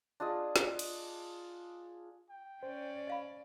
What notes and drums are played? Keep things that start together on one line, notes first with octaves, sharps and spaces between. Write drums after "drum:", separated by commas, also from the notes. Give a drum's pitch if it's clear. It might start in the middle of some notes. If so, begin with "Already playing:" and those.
D4 F4 G#4 D#5
drum: snare
drum: cymbal
G5
C#4 C5 D5
D#5 F5 B5